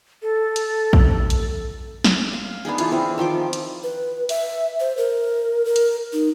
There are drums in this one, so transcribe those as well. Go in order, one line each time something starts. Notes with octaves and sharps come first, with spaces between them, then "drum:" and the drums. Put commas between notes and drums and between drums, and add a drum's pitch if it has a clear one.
A4
drum: hi-hat
drum: kick
drum: hi-hat
drum: snare
F5
B3 D4 D#4 G#4
E3 F4, drum: hi-hat
E3 C4
D#3 F3 C6 D6
drum: hi-hat
B4
E5, drum: hi-hat
C5
A#4
A#4
drum: hi-hat
D#4